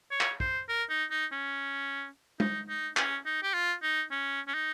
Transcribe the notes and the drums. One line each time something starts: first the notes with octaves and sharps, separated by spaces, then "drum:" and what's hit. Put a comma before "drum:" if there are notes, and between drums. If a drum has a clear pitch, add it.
C#5
drum: clap
C5, drum: kick
A#4
D#4
D#4
C#4
D#4, drum: tom G#3
D#4
C#4, drum: clap
D#4
G4
F4
D#4
C#4
C#4
D#4